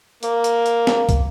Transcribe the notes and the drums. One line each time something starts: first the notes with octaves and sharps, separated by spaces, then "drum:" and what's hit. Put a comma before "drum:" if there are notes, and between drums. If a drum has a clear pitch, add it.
A#3, drum: hi-hat
drum: hi-hat
drum: hi-hat
drum: snare
drum: kick, hi-hat